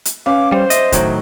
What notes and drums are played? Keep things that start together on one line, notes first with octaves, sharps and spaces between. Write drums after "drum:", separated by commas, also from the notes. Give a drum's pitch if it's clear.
drum: hi-hat
C#4 B4 F5 D6
G3 C5
D#5 E5, drum: hi-hat
A2 D#3 F#3, drum: kick, hi-hat